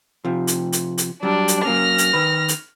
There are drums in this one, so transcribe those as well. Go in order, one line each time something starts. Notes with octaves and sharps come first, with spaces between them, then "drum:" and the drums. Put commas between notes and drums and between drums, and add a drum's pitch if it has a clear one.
C3 F3
drum: hi-hat
drum: hi-hat
drum: hi-hat
F#3 G3 D4
drum: hi-hat
F#3 A#3 C#4 F6 A#6
drum: hi-hat
D#3 B4
drum: hi-hat